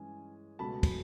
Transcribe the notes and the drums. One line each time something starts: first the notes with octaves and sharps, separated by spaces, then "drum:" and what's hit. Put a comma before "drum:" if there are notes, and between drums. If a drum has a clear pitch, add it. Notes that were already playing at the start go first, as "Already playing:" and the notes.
Already playing: G2 E3 G#3 C#4 G#5
C#2 B2 F#3 A3 A5 B5
drum: kick, cymbal